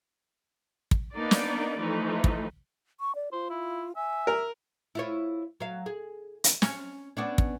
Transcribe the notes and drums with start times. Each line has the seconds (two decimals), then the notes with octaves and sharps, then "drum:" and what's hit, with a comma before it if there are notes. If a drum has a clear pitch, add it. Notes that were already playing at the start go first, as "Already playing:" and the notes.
0.91 drum: kick
1.14 A#3 B3 D4 D#4 D5
1.31 drum: snare
1.79 E3 F3 A3 D#4
2.24 drum: kick
3.00 C#6
3.15 D5
3.32 F4 C5
3.50 E4
3.96 E5 G#5
4.27 A#4
4.95 E4 F4 C#5
5.60 F#3 F5
5.86 G#4
6.44 drum: hi-hat
6.62 C#4, drum: snare
7.17 B3 C#4 D4
7.38 drum: kick